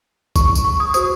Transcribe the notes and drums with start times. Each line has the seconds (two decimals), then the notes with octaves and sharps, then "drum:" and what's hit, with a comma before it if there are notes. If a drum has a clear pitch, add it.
0.36 C#6, drum: kick A1, tambourine
0.55 drum: tambourine
0.65 C#6
0.80 D#6
0.94 F#4 C5 D#6, drum: tambourine